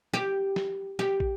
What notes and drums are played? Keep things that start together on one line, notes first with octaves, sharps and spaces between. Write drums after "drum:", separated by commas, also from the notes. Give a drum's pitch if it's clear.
G4, drum: snare
drum: snare
G4, drum: snare
drum: kick